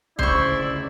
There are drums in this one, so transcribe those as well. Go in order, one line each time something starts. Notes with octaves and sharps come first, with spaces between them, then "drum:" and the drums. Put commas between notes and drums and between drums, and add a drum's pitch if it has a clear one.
D2 C#3 E4 C5 D5 C#6, drum: kick